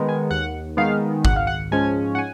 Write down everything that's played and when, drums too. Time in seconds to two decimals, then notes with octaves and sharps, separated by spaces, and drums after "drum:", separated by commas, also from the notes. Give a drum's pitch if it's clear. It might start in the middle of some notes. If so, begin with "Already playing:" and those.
Already playing: D#3 G#3 B3
0.09 G#5
0.31 D#2 F#5
0.77 D#3 G#3 B3 F5
1.25 G#1 F#5, drum: kick G#1
1.36 F5
1.47 F#5
1.71 G#2 F3 G#3 C#4 G#5
2.15 F#5
2.19 G#5